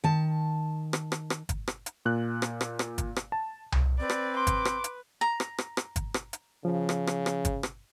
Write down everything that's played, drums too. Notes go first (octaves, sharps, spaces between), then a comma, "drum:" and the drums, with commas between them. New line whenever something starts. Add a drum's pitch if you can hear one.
D#3 A5
drum: rim click
drum: rim click
drum: rim click
drum: kick, hi-hat
drum: rim click
drum: hi-hat
A#2 F#6
drum: rim click
drum: rim click
drum: rim click
drum: kick, hi-hat
drum: rim click
A5
drum: tom C2
C4 B4 D5
drum: rim click
C6 D6
drum: kick, hi-hat
drum: rim click
drum: hi-hat
A#5
drum: rim click
drum: rim click
drum: rim click
drum: kick, hi-hat
drum: rim click
drum: hi-hat
C#3 F3
drum: rim click
drum: rim click
drum: rim click
drum: kick, hi-hat
drum: rim click